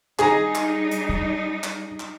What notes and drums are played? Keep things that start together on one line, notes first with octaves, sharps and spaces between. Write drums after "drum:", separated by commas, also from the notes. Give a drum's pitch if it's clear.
G3 D4 D#4 G#4 A#5, drum: clap
drum: clap
drum: hi-hat
drum: kick
drum: clap
drum: clap